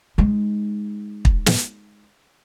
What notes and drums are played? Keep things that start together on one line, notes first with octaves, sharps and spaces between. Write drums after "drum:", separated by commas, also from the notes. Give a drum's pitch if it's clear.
G#3 D#4
drum: kick
drum: snare